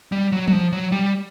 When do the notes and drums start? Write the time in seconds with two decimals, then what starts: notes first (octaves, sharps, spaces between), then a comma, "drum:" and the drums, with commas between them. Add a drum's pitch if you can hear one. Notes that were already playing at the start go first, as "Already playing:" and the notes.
0.12 G3
0.32 F#3
0.48 F#3, drum: tom F#3
0.52 F3
0.72 F#3
0.92 G3